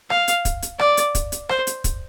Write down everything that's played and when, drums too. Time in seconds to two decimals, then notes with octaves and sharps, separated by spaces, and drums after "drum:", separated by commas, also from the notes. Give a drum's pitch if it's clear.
0.10 F5, drum: rim click
0.28 drum: hi-hat
0.45 drum: kick, hi-hat
0.62 drum: hi-hat
0.79 D5, drum: rim click
0.97 drum: hi-hat
1.15 drum: kick, hi-hat
1.32 drum: hi-hat
1.49 C5, drum: rim click
1.67 drum: hi-hat
1.84 drum: kick, hi-hat